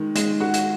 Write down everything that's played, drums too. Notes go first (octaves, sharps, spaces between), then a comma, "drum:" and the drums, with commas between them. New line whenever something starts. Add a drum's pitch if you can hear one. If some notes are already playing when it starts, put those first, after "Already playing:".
Already playing: D#3 G#3
G#3, drum: hi-hat
F#4
drum: hi-hat